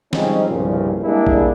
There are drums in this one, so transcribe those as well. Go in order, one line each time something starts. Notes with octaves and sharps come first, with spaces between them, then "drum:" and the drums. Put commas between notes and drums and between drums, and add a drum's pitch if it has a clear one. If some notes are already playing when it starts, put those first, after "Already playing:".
F3 G3 G#3 C4 C#4 D#4, drum: snare
C2 G2 A#2 C#3 F3
G3 G#3 A#3 D4 E4 G#4
drum: kick A#1